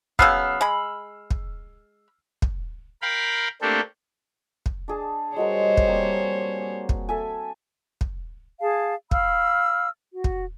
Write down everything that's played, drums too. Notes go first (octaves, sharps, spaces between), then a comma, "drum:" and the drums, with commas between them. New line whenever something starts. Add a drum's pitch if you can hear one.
C#3 F#3 B3 E6 F6 C7, drum: kick
G#3 B5
drum: kick
drum: kick
A#4 F5 G5 B5
A3 A#3 C4 D4 G4 A4
drum: kick
D4 G#4 A5
G3 G#3 F#4 A#4 C5 C#5
drum: kick
A#3 C4
drum: kick
A4 E5 G#5
drum: kick
G#4 F5 A5
F5 B5 E6 F6, drum: kick
F#4
drum: kick